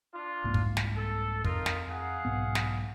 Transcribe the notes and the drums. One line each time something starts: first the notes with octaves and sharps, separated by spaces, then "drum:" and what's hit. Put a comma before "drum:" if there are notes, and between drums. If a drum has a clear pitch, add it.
D4 F4
C2 G#2 A#3
drum: kick
drum: snare
A4
F2 D#4 F4 A#4, drum: kick
drum: snare
G#4 F5 F#5
B1 G#2 B3
drum: snare